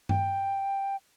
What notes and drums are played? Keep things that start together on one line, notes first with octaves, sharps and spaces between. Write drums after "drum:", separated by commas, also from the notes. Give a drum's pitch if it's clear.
G5, drum: tom G2